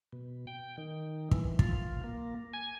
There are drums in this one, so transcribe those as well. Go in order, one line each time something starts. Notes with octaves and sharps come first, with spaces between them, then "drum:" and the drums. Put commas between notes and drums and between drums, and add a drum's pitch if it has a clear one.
B2
G5
D#3
E3, drum: kick
F4, drum: kick
A#3
G#5